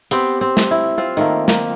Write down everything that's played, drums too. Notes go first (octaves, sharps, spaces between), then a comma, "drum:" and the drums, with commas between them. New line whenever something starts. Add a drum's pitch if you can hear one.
B3 C4 G4 G5, drum: hi-hat
C4
drum: snare
E4
C4 F4
D#3 A3 A#3
A#3, drum: snare